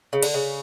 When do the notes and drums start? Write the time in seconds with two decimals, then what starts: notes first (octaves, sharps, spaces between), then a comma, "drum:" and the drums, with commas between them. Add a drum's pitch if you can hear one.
0.13 C#3
0.23 D3, drum: cymbal
0.34 C#3